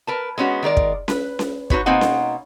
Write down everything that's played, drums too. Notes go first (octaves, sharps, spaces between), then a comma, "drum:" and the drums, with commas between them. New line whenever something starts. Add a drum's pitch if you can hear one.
A#4 B4 A5
G#3 B3 C#4 F#4
D#3 G#3 A#4 D5
drum: kick
B4, drum: snare C#4
drum: snare C#4
D#4 F#4 B4 C#5, drum: kick
B2 A#3 C4 D#4 F#5 G#5
drum: snare C#4